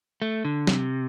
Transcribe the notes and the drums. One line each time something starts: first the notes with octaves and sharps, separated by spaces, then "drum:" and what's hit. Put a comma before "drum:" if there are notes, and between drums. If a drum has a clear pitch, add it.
A3
D3
C3, drum: snare